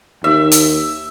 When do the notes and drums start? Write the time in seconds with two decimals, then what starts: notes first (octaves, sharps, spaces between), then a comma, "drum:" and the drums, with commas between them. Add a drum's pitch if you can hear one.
0.24 D#2 E5
0.52 drum: hi-hat